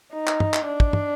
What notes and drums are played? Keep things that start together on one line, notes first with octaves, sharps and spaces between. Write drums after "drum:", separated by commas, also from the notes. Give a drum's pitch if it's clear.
D#4
drum: clap
drum: tom
drum: clap
D4
drum: kick
drum: tom